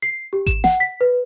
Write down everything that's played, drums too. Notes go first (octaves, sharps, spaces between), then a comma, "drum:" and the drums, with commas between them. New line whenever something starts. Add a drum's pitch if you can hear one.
C7
G4
E7, drum: kick G#1, hi-hat
F#5, drum: snare
B6
B4